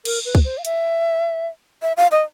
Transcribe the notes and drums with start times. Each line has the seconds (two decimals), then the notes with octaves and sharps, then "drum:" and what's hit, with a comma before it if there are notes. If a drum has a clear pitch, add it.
0.05 A#4, drum: cymbal
0.25 B4
0.35 drum: kick C#2
0.45 C5
0.58 F5
0.65 E5, drum: hi-hat
1.82 E5
1.97 F5
2.11 D#5